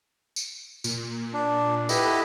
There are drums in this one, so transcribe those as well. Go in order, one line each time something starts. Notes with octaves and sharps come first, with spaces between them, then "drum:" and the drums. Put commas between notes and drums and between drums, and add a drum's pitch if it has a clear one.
drum: tambourine
A#2, drum: tambourine
D4
E4 G4 A4 B4 D#5 F#5, drum: tambourine